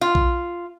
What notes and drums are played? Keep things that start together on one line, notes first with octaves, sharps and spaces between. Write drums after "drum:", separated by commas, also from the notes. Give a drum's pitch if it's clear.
F4
drum: kick B1